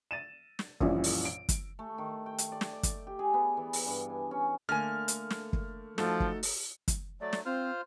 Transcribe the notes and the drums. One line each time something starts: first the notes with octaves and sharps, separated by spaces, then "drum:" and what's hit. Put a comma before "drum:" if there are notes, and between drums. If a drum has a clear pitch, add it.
A6 D#7 E7
drum: snare
A#1 F#2 A#2 E3 G3, drum: kick
drum: open hi-hat
D7
drum: kick, hi-hat
A3
D#3
G5
drum: hi-hat
D5
drum: snare
D5
drum: kick, hi-hat
G4
G#4
B3
E3
drum: open hi-hat
G2
G#5
C#4
D3 A3 A#3 G#5 F6
drum: hi-hat
drum: snare
drum: kick
F3 A3 D#4 F#4 A4, drum: snare
drum: kick
drum: open hi-hat
drum: kick, hi-hat
F#3 A3 D5
drum: snare
C4 F4 C5 F6